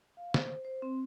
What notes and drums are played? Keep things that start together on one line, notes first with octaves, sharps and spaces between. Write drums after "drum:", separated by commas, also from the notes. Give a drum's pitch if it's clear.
F5
C5, drum: snare
C5
C4